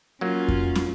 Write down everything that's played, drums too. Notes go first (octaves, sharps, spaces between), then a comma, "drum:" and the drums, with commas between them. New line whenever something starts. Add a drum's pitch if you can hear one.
F#3 A#3 C#4 F4
drum: kick F2
drum: snare